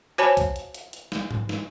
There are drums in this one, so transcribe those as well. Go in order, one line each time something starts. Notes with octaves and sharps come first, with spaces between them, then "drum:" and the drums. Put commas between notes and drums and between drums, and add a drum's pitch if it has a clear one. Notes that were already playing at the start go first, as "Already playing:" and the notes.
F#4 C5 C#5 G#5 A5 B5, drum: hi-hat
drum: kick C2, hi-hat
drum: hi-hat
drum: hi-hat
drum: hi-hat
drum: snare
drum: tom G#2
drum: snare